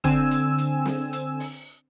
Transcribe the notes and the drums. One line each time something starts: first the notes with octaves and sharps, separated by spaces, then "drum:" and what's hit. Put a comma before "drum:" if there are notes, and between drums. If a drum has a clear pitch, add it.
D3 C4 G#5 E6, drum: kick, hi-hat
drum: hi-hat
drum: hi-hat
drum: snare
drum: hi-hat
drum: open hi-hat